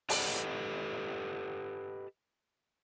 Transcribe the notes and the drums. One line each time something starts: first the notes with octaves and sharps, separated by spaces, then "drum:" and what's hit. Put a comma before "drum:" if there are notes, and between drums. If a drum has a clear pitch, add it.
G4 A4 B4 D#5 F#5, drum: open hi-hat